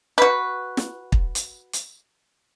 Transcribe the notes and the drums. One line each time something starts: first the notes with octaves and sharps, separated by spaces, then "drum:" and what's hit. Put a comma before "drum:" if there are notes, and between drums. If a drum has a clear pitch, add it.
F#4 B4
drum: snare
drum: kick
drum: hi-hat
drum: hi-hat